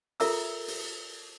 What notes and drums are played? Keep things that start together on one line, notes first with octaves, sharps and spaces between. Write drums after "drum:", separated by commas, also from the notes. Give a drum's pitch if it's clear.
F4 A4 A#4 E5 A#5 E6, drum: open hi-hat
drum: open hi-hat